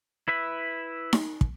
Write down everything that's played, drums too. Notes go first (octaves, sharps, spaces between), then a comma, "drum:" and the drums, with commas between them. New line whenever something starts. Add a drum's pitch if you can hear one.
E4 B4 E5
drum: snare D#4
drum: kick